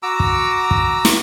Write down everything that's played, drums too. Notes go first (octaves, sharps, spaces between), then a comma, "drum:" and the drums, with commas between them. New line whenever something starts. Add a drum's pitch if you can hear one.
F#4 A#5 D6 E6
drum: kick
drum: kick
drum: snare